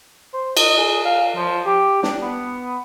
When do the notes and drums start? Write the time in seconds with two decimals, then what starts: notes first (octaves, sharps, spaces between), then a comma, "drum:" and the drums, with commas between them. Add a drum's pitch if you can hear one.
0.33 C5
0.57 D#5, drum: cymbal
0.78 G#4
1.05 F5
1.36 F3
1.66 G4
2.03 D4, drum: snare
2.21 B3